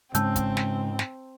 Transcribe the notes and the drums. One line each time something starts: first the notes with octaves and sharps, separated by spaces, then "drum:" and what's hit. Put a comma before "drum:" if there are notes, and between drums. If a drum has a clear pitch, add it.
G#2 C#3 G#3 C4 C#4 A5 E6 G6, drum: hi-hat
drum: kick, hi-hat
drum: snare
drum: snare